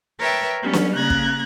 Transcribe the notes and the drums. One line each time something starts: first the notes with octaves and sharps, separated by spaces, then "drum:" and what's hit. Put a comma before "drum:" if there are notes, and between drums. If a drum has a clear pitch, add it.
A#4 B4 C#5 E5 G5 A5
F#3 G3 B3 C#4
drum: snare
C#3 A#3 A#5 F#6 G#6
drum: kick